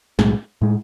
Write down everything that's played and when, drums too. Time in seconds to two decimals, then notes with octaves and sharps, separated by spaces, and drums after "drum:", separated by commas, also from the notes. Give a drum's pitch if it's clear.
0.19 B1 A2 G#3, drum: snare
0.62 A2 G#3